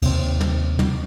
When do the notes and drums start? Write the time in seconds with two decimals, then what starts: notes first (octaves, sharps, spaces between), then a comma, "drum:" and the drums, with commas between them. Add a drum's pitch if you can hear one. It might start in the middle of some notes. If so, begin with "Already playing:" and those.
0.02 D#2 C3 C4, drum: cymbal
0.41 drum: tom
0.79 drum: tom